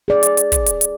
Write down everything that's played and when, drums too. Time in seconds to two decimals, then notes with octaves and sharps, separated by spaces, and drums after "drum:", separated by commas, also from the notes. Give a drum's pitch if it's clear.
0.08 G#4 D5
0.23 drum: hi-hat
0.37 drum: hi-hat
0.52 drum: kick, hi-hat
0.66 drum: hi-hat
0.81 drum: hi-hat